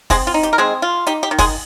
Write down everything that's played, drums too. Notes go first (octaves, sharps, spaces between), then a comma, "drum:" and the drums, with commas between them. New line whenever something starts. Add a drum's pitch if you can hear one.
G#3 C4 G#4, drum: kick, open hi-hat
F4
D#4
G4, drum: hi-hat
A#4
G#3 C4 G#4
F4
D#4 G4, drum: hi-hat
G4
D#3
G#3 G#4, drum: kick, open hi-hat